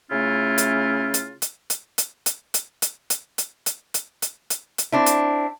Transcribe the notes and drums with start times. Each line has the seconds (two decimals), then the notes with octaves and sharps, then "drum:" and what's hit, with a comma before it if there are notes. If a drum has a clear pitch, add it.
0.11 C#3 A3 C#4 E4 F4
0.58 drum: hi-hat
1.14 drum: hi-hat
1.42 drum: hi-hat
1.70 drum: hi-hat
1.98 drum: hi-hat
2.26 drum: hi-hat
2.54 drum: hi-hat
2.82 drum: hi-hat
3.10 drum: hi-hat
3.38 drum: hi-hat
3.66 drum: hi-hat
3.94 drum: hi-hat
4.22 drum: hi-hat
4.50 drum: hi-hat
4.78 drum: hi-hat
4.92 C4 D4 E4
5.06 drum: hi-hat